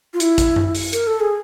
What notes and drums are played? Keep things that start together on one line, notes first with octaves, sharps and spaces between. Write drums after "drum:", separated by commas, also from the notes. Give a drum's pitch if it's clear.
F4
E4, drum: hi-hat
drum: kick, hi-hat
drum: tom F#2
drum: open hi-hat
A#4, drum: hi-hat
A4
G#4